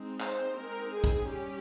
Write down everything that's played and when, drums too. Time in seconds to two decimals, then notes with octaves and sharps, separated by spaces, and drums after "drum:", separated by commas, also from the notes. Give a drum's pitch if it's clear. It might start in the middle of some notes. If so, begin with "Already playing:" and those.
Already playing: G#3 C4 D#4
0.20 C5, drum: clap
0.56 G#3 C4 D#4 A#4
0.92 G#4
1.04 drum: kick
1.26 G3 C#4 G4